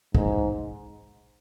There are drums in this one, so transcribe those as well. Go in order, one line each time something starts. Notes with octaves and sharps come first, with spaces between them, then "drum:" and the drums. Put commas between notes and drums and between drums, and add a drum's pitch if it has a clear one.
G#2, drum: kick